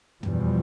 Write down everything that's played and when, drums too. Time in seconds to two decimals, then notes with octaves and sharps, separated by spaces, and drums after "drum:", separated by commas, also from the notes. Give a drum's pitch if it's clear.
0.23 E2 B2 F3 G3, drum: tom